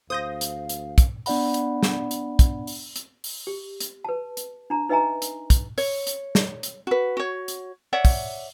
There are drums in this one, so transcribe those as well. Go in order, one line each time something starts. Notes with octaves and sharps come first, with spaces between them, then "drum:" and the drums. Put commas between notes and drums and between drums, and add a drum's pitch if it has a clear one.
D2 C5 F5 D#6 G6 A#6
drum: hi-hat
drum: hi-hat
drum: kick, hi-hat
B3 D4 D5 F#5 B5, drum: open hi-hat
drum: hi-hat
drum: snare
drum: hi-hat
drum: kick, hi-hat
drum: open hi-hat
drum: hi-hat
drum: open hi-hat
G4
drum: hi-hat
B4 A5
drum: hi-hat
D4 A#5
D#4 B4 D#5 E5 G#5 A#5
drum: hi-hat
drum: kick, hi-hat
C#5, drum: open hi-hat
drum: hi-hat
drum: snare
drum: hi-hat
F#4 B4
F#4 C#5
drum: hi-hat
C#5 D5 E5 F#5
drum: kick, open hi-hat